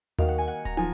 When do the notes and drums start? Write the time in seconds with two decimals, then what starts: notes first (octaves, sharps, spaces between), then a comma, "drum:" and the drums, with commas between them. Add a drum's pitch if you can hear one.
0.19 D#3 A#3 D#4 F#4 A#4 F5, drum: tom D#2
0.29 F#5
0.38 G#5
0.48 F#5
0.65 A#5, drum: kick D1, hi-hat
0.77 F3 G#5, drum: tom